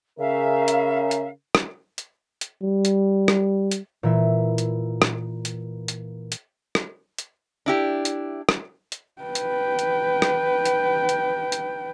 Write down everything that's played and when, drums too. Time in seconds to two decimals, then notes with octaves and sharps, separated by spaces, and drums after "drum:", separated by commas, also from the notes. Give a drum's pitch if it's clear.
0.19 C#3 A#4 E5 F5
0.68 drum: hi-hat
1.11 drum: hi-hat
1.55 drum: rim click
1.98 drum: hi-hat
2.41 drum: hi-hat
2.63 G3
2.85 drum: hi-hat
3.28 drum: rim click
3.71 drum: hi-hat
4.03 A#2 E3 E5
4.58 drum: hi-hat
5.02 drum: rim click
5.45 drum: hi-hat
5.88 drum: hi-hat
6.32 drum: hi-hat
6.75 drum: rim click
7.18 drum: hi-hat
7.66 D4 E4 G4
8.05 drum: hi-hat
8.49 drum: rim click
8.92 drum: hi-hat
9.22 B4 G5
9.35 drum: hi-hat
9.79 drum: hi-hat
10.22 drum: rim click
10.65 drum: hi-hat
11.09 drum: hi-hat
11.52 drum: hi-hat